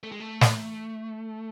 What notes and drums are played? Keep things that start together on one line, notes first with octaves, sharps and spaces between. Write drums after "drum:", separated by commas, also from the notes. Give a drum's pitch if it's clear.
A3
G#3
A3
drum: snare